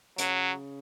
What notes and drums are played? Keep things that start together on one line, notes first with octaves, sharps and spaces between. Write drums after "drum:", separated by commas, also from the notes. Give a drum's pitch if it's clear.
C#3 F#3, drum: hi-hat